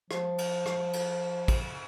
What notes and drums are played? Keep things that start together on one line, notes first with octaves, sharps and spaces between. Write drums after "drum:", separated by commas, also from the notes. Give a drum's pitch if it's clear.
F3, drum: rim click
drum: cymbal
drum: rim click
drum: cymbal
drum: kick, cymbal